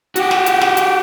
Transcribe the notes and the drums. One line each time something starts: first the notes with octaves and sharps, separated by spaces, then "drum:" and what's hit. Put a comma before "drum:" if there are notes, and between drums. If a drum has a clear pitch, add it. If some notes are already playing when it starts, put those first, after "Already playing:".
F#4 G4, drum: hi-hat
drum: snare
drum: hi-hat
drum: snare
drum: hi-hat